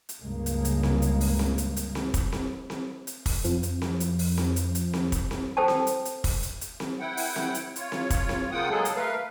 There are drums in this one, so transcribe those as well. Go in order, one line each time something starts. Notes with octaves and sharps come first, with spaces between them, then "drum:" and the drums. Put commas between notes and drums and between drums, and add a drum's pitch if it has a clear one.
drum: hi-hat
C#2 G2 C#3 G#3 A#3
drum: hi-hat
drum: hi-hat
drum: snare C4
drum: hi-hat
drum: open hi-hat
drum: snare C4
drum: hi-hat
drum: hi-hat
drum: snare C4
drum: kick, hi-hat
drum: snare C4
drum: snare C4
drum: hi-hat
drum: kick, open hi-hat
F2 F3, drum: hi-hat
drum: hi-hat
drum: snare C4
drum: hi-hat
drum: open hi-hat
drum: snare C4
drum: hi-hat
drum: hi-hat
drum: snare C4
drum: kick, hi-hat
drum: snare C4
A4 C5 G5 A5
drum: snare C4
drum: hi-hat
drum: hi-hat
drum: kick, open hi-hat
drum: hi-hat
drum: hi-hat
drum: snare C4
E4 F#5 G5
drum: open hi-hat
drum: snare C4
drum: hi-hat
F4 C#5, drum: hi-hat
drum: snare C4
drum: kick, hi-hat
drum: snare C4
C#3 A#3 F4 F#5 G5 D#6
F#3 G#3 A#3 G#4 A4
drum: hi-hat
A3 A#4 B4 F5